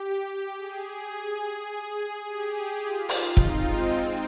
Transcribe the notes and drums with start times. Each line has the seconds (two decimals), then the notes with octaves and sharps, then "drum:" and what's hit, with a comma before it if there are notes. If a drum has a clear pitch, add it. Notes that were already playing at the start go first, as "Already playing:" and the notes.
Already playing: G4
0.57 G#4
2.25 G4
2.81 F4
3.09 D#4, drum: open hi-hat
3.37 C4, drum: kick
3.66 G#3
3.93 C4